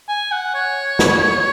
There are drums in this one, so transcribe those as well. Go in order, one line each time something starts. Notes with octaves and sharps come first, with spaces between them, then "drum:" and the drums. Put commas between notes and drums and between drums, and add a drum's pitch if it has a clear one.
G#5
F#5
C#5
drum: snare